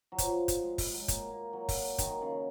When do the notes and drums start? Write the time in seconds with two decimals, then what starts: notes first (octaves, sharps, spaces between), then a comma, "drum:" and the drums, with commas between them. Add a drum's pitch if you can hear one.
0.12 F#3
0.18 F3, drum: kick, hi-hat
0.48 drum: kick, hi-hat
0.63 G#3
0.78 drum: kick, open hi-hat
0.93 F#3
1.01 G#3
1.08 A#3, drum: kick, hi-hat
1.31 A#3
1.53 F#3
1.69 drum: kick, open hi-hat
1.98 D#3, drum: kick, hi-hat
2.22 C#3